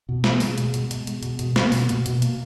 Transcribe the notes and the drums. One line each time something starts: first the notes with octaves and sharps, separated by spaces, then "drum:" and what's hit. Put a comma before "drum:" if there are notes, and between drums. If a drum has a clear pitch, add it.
B2
G#3, drum: snare
G#3, drum: open hi-hat
B2, drum: hi-hat
B2, drum: hi-hat
B2, drum: hi-hat
G#3, drum: hi-hat
B2, drum: hi-hat
B2, drum: hi-hat
A#3, drum: snare
B2, drum: open hi-hat
B2, drum: hi-hat
B2, drum: hi-hat
A#3, drum: hi-hat